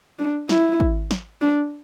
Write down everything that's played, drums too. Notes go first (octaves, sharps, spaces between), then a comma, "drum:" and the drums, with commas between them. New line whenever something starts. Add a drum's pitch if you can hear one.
D4
E4, drum: snare
drum: kick
drum: snare
D4